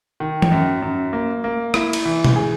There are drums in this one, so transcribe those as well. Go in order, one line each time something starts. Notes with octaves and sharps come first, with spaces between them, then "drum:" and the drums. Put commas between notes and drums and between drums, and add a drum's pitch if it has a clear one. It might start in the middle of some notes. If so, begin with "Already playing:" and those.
D#3
drum: tom E3
F#2
F#2
A#3
A#3
E4, drum: rim click
drum: cymbal
E3
drum: tom
G#4